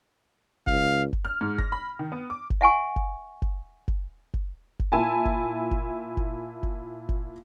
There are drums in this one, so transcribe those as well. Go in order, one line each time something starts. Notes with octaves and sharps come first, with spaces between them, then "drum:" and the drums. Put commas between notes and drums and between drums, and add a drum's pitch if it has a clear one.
C#2 F5, drum: kick F#1
drum: kick F#1
F6
G#2
A#6, drum: kick F#1
B5
D#3
B3
D6
drum: kick F#1
E5 F#5 G#5 C#6
drum: kick F#1
drum: kick F#1
drum: kick F#1
drum: kick F#1
drum: kick F#1
A#2 E4 G#5 A5
drum: kick F#1
drum: kick F#1
drum: kick F#1
drum: kick F#1
drum: kick F#1